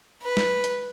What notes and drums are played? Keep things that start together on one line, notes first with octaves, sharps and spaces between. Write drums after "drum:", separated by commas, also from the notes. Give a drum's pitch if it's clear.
B4
drum: snare
drum: hi-hat